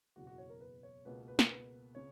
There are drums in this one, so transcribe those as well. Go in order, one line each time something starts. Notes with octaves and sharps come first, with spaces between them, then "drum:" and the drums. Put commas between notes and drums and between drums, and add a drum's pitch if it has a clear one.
F#1 E2 B2 F#4
F#4
C#5
A#4
B4
C#5
C#2 B2 A#3 B4
B4
A#4, drum: snare
B4
C#3 C#5